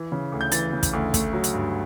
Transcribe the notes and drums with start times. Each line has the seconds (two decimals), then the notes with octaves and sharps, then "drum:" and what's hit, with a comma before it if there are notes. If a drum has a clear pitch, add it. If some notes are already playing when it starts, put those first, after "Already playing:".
Already playing: E3
0.12 C#3
0.32 D2
0.41 G6
0.52 E3 A6, drum: hi-hat
0.73 C#3
0.83 drum: kick, hi-hat
0.93 D2
1.14 A3, drum: kick, hi-hat
1.33 F#3
1.44 drum: hi-hat
1.54 G2